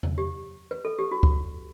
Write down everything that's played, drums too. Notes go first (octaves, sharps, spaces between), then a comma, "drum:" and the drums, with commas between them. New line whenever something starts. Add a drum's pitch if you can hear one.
drum: tom E2
G4
B4
A4
G4
F#4
drum: kick